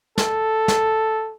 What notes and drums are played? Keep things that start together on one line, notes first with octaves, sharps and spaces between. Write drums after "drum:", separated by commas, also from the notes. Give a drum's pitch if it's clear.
A4, drum: snare
drum: snare